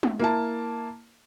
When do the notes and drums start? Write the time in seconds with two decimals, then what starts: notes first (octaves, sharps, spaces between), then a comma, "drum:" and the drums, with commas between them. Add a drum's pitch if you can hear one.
0.03 drum: tom G#3
0.19 A#3 E4 A5